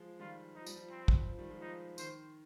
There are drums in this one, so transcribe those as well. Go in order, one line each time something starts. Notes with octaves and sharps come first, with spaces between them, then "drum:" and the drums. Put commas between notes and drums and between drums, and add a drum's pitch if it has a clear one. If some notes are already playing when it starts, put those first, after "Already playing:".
Already playing: F3 G#3
D#3 G3 F4
F3 D#4
G3, drum: tambourine
F3
C4
drum: kick
F3
D#3 G3
F3 G#3
F3 D#4
D#3 C5, drum: tambourine